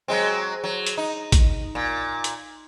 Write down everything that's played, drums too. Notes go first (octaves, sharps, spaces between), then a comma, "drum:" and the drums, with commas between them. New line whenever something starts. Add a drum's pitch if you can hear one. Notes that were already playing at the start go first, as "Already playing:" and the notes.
F#3 G#3 C4
F#3
drum: hi-hat
D#4
drum: kick, hi-hat
A#2
drum: hi-hat